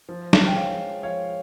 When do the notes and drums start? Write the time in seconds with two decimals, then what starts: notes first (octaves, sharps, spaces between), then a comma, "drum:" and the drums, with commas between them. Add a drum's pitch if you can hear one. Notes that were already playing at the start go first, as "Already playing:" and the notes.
0.09 F3
0.33 drum: snare
0.47 G5
0.55 G#3 C#5 F5
1.03 F3 C#5 F5